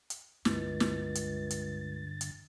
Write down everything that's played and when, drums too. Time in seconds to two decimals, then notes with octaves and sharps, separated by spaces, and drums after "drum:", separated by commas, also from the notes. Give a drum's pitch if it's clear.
0.10 drum: hi-hat
0.45 C#2 G2 D3 A6, drum: snare
0.80 drum: snare
1.15 drum: hi-hat
1.50 drum: hi-hat
2.21 drum: hi-hat